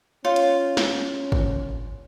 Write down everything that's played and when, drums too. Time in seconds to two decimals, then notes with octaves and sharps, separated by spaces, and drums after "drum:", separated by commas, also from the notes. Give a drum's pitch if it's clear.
0.25 C#4 F4 C#5
0.36 drum: hi-hat
0.77 drum: snare
1.32 drum: kick